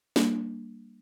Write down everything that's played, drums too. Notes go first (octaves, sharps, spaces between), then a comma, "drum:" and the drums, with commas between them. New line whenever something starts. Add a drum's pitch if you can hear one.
G3 A#3 D4, drum: snare